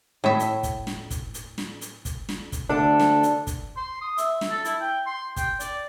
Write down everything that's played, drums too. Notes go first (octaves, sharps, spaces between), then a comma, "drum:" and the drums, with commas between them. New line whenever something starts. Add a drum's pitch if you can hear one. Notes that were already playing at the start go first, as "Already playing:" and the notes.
A2 E5
drum: hi-hat
drum: kick, hi-hat
drum: snare
drum: kick, hi-hat
drum: hi-hat
drum: snare
drum: hi-hat
drum: kick, hi-hat
drum: snare
drum: kick, hi-hat
D2 D4 A4
drum: snare
drum: hi-hat
drum: kick, hi-hat
C6
D#6
E5, drum: hi-hat
drum: snare
A4
E4, drum: hi-hat
G5
C6
G5, drum: kick, hi-hat
D5, drum: hi-hat